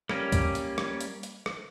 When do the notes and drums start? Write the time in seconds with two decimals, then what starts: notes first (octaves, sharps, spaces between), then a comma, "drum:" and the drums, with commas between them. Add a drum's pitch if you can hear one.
0.09 G3 A#3 C#4 G4, drum: rim click
0.32 drum: kick C2, hi-hat
0.55 drum: hi-hat
0.78 drum: rim click
1.01 drum: hi-hat
1.23 drum: hi-hat
1.46 drum: rim click